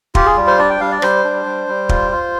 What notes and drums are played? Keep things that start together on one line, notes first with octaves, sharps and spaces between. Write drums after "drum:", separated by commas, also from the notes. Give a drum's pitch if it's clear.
F4 G4, drum: kick
G#4
G3
C5
D4 D5
G5
G3 F5
D5
G3 C5, drum: rim click
D4
G3
G3
F4, drum: kick
F4